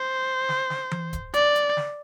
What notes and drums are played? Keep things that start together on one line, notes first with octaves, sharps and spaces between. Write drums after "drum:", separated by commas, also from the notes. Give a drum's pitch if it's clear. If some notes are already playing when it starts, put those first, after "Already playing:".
Already playing: C5
drum: snare
drum: snare
drum: tom E3
drum: kick, hi-hat
D5, drum: hi-hat
drum: hi-hat
drum: snare